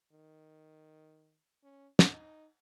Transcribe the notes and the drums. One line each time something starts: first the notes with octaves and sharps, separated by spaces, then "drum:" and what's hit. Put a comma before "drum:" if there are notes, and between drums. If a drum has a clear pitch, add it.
D#3
C#4
D#4, drum: snare